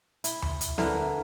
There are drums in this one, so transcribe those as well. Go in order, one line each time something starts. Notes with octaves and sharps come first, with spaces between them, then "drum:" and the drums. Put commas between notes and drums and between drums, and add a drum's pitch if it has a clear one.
E4, drum: hi-hat
drum: tom D2
drum: hi-hat
D3 E3 A#4, drum: snare